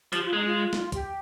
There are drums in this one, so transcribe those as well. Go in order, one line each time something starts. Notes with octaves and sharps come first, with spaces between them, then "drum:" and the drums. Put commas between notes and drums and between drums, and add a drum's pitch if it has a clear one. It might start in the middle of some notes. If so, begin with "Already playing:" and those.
F3 G4, drum: hi-hat
F4
G#3 D#4
F4
drum: snare
G4, drum: kick, hi-hat